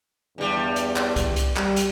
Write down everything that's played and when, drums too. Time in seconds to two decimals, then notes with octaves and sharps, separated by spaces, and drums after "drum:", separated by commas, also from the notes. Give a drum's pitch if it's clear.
0.38 E2 G2 G3
0.76 drum: hi-hat
0.96 drum: clap
1.16 drum: kick C2, hi-hat
1.36 drum: hi-hat
1.56 G3, drum: clap
1.76 drum: hi-hat